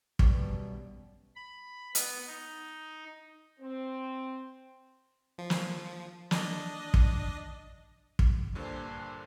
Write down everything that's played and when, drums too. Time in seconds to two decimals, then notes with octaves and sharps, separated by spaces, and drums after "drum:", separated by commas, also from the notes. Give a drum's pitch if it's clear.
0.19 F#2 B2 G3, drum: kick
1.36 B5
1.95 B3, drum: hi-hat
2.27 D#4
3.60 C4
5.38 F3
5.50 drum: snare
6.31 D4 D#5, drum: snare
6.94 drum: kick
8.19 drum: kick
8.55 G2 A#2 D3 D4 C5 G#5